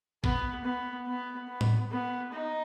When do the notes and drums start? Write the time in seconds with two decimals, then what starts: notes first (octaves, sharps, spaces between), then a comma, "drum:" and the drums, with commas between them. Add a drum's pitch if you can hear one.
0.24 B3, drum: kick
0.65 B3
1.07 B3
1.49 B3
1.61 drum: tom A2
1.91 B3
2.33 D#4